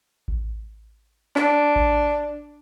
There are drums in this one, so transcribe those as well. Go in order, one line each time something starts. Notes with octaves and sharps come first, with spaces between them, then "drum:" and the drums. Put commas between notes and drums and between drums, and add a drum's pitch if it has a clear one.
drum: kick A1
D4, drum: clap
drum: kick A1